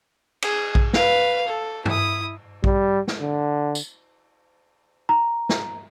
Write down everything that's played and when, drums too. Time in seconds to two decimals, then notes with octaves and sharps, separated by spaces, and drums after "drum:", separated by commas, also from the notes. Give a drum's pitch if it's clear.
0.42 G#4, drum: cymbal
0.75 drum: kick A#1
0.93 B4 F5, drum: snare
1.48 A4
1.86 E4 D#6, drum: tom G2
2.64 G3, drum: kick A#1
3.07 drum: snare
3.21 D3
3.75 drum: tambourine
5.09 A#5
5.49 drum: snare